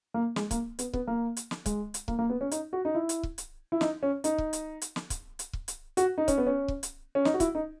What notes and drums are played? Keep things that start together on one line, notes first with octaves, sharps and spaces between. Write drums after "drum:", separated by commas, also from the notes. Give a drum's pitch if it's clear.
A#3
G#3, drum: snare
A#3, drum: kick, hi-hat
B3, drum: hi-hat
B3, drum: kick
A#3
drum: hi-hat
drum: snare
G#3, drum: kick, hi-hat
drum: hi-hat
A#3, drum: kick
A#3
B3
C#4
D#4, drum: hi-hat
F#4
D#4
E4
drum: hi-hat
drum: kick
drum: hi-hat
E4
D#4, drum: snare
C#4
D#4, drum: hi-hat
drum: kick
drum: hi-hat
drum: hi-hat
drum: snare
drum: kick, hi-hat
drum: hi-hat
drum: kick
drum: hi-hat
F#4, drum: hi-hat
D#4
C#4, drum: kick, hi-hat
B3
C#4
drum: kick
drum: hi-hat
C#4
D#4, drum: snare
F#4
E4, drum: kick, hi-hat
D#4